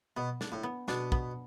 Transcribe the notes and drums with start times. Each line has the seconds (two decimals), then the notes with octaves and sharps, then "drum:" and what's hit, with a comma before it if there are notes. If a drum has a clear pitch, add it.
0.16 B2 B3
0.41 D4, drum: snare
0.52 A2
0.63 B3
0.88 B2 D4, drum: snare
1.12 B3, drum: kick